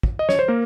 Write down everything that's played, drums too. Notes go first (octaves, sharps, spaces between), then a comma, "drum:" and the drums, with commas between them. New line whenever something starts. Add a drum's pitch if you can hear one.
drum: kick
D#5
C#5, drum: snare
C5
A#3 A#4